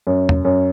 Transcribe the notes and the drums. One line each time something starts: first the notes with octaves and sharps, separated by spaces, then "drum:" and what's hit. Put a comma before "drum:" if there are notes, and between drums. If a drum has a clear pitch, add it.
F#2
drum: tom E2
F#2